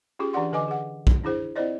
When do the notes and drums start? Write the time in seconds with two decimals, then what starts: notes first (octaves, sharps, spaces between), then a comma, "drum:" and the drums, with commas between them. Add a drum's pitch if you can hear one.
0.19 C#4 F4 G4 G#4
0.33 E3 D4 G4 D5 F#5 C6
0.52 D3 B4 D#5 G#5 D6
0.68 G#4 F#5
1.07 drum: kick
1.24 D4 E4 G#4 C5
1.56 C4 E4 F4 C5 D5 D#5